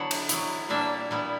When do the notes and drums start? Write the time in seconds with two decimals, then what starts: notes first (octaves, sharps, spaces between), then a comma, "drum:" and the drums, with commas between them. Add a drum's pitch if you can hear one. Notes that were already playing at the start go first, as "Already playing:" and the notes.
Already playing: D3 F#3 B3 E4 F#5
0.11 drum: cymbal
0.29 F#3 B3 E4, drum: hi-hat
0.69 A#2 G3 A#3 D4 E5
1.11 A#2 G3 B3 E4